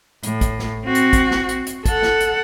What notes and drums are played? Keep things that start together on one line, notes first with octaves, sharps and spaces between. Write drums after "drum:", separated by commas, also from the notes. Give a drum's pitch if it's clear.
A2, drum: hi-hat
drum: kick, hi-hat
drum: snare
C4 F#4
drum: hi-hat
drum: kick, hi-hat
drum: snare
drum: hi-hat
drum: hi-hat
A4 F#5, drum: kick, hi-hat
drum: snare
drum: hi-hat